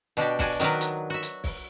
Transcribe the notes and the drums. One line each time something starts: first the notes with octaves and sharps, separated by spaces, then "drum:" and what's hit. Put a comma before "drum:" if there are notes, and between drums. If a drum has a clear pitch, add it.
B2 D4 F#4 G4
D4 F#4 D5 G#5, drum: kick, open hi-hat
D#3 F#3 D4 A#4 B4, drum: hi-hat
drum: hi-hat
F#4 E5
drum: hi-hat
drum: kick, open hi-hat